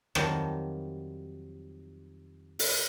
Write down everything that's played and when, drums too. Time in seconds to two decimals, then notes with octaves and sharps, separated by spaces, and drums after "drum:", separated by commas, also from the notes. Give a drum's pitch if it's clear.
0.15 F2 D#3 F#3 G3 A5, drum: rim click
2.59 drum: open hi-hat